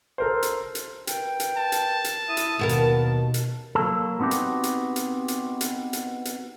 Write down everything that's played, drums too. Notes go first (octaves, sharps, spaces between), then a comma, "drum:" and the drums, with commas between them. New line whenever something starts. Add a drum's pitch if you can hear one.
A4 A#4 C5
drum: hi-hat
drum: hi-hat
A#4 B4 G5, drum: hi-hat
drum: hi-hat
A5
drum: hi-hat
drum: hi-hat
E4 E5 D#6
drum: hi-hat
D#2 B2 B3 A#4
drum: hi-hat
drum: hi-hat
F#3 A#3 A4
B3 C4 D#4 F#4 G4
drum: hi-hat
drum: hi-hat
drum: hi-hat
drum: hi-hat
drum: hi-hat
drum: hi-hat
drum: hi-hat